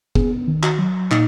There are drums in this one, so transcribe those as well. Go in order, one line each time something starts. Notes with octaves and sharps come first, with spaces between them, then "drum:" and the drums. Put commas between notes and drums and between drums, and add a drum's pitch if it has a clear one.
B3 G#4, drum: kick
D#3
F#4, drum: clap
F#3
A#2 D#4, drum: clap